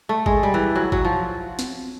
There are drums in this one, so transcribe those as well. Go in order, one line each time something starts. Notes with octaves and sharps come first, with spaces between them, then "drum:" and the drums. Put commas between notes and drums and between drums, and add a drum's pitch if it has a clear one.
A3
G#3, drum: kick G#1
G3
E3
F#3
F#3, drum: kick G#1
F3
drum: snare